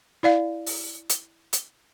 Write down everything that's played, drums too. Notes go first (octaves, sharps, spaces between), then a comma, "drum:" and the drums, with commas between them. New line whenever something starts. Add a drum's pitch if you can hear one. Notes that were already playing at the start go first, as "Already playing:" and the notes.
E4 D5 F5
drum: open hi-hat
drum: hi-hat
drum: hi-hat